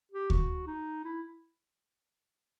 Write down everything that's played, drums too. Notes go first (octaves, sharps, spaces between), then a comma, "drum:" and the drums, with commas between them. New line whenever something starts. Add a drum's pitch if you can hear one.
G4
F#4, drum: kick D2
D#4
E4